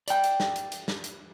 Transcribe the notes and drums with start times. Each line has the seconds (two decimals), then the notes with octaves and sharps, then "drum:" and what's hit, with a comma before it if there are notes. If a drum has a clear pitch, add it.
0.08 D5 G5, drum: hi-hat
0.24 drum: hi-hat
0.40 drum: snare
0.56 drum: hi-hat
0.72 drum: hi-hat
0.88 drum: snare
1.04 drum: hi-hat